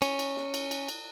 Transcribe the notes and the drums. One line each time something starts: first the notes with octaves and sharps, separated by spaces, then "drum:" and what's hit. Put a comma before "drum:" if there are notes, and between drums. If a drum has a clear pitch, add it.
C#4, drum: cymbal
drum: cymbal
drum: snare
drum: cymbal
drum: cymbal
drum: cymbal